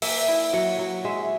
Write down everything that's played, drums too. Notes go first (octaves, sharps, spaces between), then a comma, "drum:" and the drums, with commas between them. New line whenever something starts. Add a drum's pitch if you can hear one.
A#3 E5, drum: open hi-hat
E4
F#3 F#5
F#3
G#3 E5